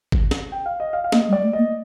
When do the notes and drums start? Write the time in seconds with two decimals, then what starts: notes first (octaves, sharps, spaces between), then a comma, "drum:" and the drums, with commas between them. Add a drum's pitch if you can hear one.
0.12 drum: kick
0.31 drum: snare
0.52 G5
0.66 F5
0.80 D#5
0.93 F5
1.04 F5
1.12 A#3 D#5, drum: snare
1.28 G3
1.33 D5
1.43 A3
1.53 D#5
1.59 A#3